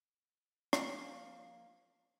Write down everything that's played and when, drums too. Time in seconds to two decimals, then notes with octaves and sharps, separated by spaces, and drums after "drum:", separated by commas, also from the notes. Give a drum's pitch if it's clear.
0.73 F3 A#3, drum: rim click